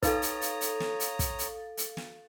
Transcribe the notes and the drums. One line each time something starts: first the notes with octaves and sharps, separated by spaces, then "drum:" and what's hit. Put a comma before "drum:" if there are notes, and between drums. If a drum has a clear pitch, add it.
D#4 A4 B4 C#5 F5 A#5 D#6 A6, drum: kick, hi-hat
drum: hi-hat
drum: hi-hat
drum: hi-hat
drum: snare
drum: hi-hat
drum: kick, hi-hat
drum: hi-hat
drum: hi-hat
drum: snare